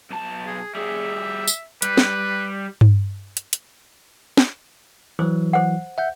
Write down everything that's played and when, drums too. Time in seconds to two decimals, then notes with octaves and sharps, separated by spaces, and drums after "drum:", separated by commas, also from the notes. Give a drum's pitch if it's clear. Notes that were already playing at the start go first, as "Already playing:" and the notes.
0.10 B1 A5
0.46 G#4
0.75 G3 G#4 E5
1.48 drum: tambourine
1.82 G3 B4, drum: hi-hat
1.97 drum: snare
2.81 drum: tom G2
3.37 drum: hi-hat
3.53 drum: hi-hat
4.37 drum: snare
5.19 E3 F#3 C5
5.53 C5 F#5
5.98 E5 F#5 G6